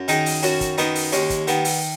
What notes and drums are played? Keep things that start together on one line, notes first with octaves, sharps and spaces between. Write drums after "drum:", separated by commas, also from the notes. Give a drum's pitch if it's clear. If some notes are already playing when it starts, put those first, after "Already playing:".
Already playing: F#2
D#3 D#4 G#4, drum: hi-hat
drum: open hi-hat
F#2 C#4 F#4, drum: hi-hat
drum: kick, hi-hat
D#3 B3 D#4, drum: hi-hat
drum: open hi-hat
D#2 G#3 C#4, drum: hi-hat
drum: kick, hi-hat
D#3 B3, drum: hi-hat
drum: open hi-hat